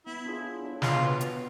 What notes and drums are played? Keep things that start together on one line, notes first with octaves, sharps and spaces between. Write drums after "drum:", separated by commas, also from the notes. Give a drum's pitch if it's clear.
B3 E4
D4 F4 G#4 C#5
B3
D4 F4 G#4 C#5
B3 F4, drum: snare
D4 F#4 B4
B3, drum: hi-hat